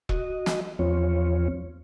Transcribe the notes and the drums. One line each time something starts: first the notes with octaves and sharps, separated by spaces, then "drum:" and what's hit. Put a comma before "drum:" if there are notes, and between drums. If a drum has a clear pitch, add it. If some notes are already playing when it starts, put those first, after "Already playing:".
F#4 D#5, drum: kick E1
drum: snare
E2 F3 C4 F4 C#5